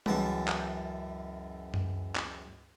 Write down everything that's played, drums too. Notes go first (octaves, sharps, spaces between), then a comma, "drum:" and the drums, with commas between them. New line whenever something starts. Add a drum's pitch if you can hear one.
C#2 F#2 E3 A5, drum: tom G3
drum: clap
drum: tom F#2
drum: clap